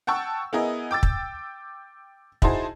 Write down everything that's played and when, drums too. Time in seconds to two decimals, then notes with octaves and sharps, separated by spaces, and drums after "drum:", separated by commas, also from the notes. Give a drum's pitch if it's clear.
0.07 F#5 G5 A5 C#6 E6
0.53 B3 E4 G#4 A#4 D#5
0.91 G5 D6 E6 A6
1.03 drum: kick
2.42 D#4 E4 F#4 G#4 C5 A5, drum: kick